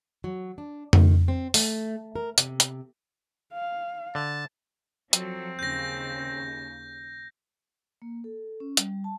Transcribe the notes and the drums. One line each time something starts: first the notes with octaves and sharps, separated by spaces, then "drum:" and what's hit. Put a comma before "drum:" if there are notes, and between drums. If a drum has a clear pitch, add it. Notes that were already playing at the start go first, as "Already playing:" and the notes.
F#3
D4
D#3, drum: tom F2
C4
A3, drum: open hi-hat
A#4
C3, drum: hi-hat
drum: hi-hat
F5
D3 A5
F3 F#3 C4 A4, drum: hi-hat
D#2 C#3 G6 A#6
A#3
A4
C#4
G3, drum: hi-hat
A5